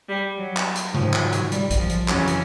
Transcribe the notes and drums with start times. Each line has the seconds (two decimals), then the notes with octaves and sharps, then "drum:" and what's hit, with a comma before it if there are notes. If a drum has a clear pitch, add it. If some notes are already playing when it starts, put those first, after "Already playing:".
0.09 G3
0.38 F#3
0.56 drum: clap
0.75 drum: hi-hat
0.94 G#2 D#3 F3, drum: tom C3
1.13 drum: clap
1.23 F#3
1.32 drum: hi-hat
1.52 G3, drum: hi-hat
1.70 drum: kick A#1, hi-hat
1.80 F3
1.89 drum: hi-hat
2.08 F2 C#3 E3 F#3, drum: clap
2.27 drum: hi-hat